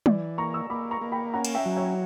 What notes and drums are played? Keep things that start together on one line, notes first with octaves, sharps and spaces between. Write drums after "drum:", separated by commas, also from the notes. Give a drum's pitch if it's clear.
E3 D5, drum: tom
A#3 A#5 C#6
C#6 E6
A#3 B5 D6
A#5 C#6
A#3
G5 B5
C#4 F#5 A#5
drum: cymbal
E5 G5
F#3
C#5 E5